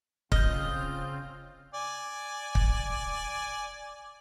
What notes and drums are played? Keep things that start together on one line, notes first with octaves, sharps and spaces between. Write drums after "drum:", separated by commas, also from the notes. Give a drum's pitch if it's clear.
C#3 C4 F4 D#5 F6 G6, drum: kick
D5 G#5
drum: kick